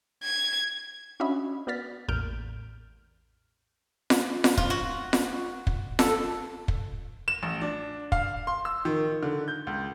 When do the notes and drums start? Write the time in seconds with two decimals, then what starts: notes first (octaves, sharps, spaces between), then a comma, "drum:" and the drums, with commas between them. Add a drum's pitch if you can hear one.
0.23 G#6
1.20 C#4 D4 F#4 D#5 E5 B5
1.67 B3 F#4 D5 F6 A6 B6
2.08 A1 E2 A#3 F6 G6 D7
4.10 drum: snare F4
4.44 drum: snare F4
4.57 F4, drum: kick
4.70 F#4
5.13 drum: snare F4
5.67 drum: kick
5.99 A4, drum: snare F4
6.68 drum: kick
7.28 E7
7.43 A1
7.62 D4
8.12 F5, drum: kick
8.47 C6
8.65 E6
8.85 D#3
9.23 D3
9.48 G6
9.67 C#2